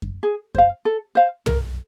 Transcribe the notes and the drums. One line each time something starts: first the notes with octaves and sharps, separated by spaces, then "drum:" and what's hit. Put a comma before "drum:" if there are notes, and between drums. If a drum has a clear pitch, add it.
drum: kick F#2
G#4
C5 F5, drum: kick F#2
A4
C5 F5
A#4, drum: tom